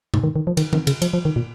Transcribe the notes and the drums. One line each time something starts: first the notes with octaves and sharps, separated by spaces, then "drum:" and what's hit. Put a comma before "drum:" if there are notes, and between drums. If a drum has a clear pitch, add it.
G#2, drum: tom B2
D#3
D#3
F3
D#3, drum: cymbal
D#3, drum: tom E3
C#3, drum: cymbal
F3, drum: cymbal
F3
D#3
A#2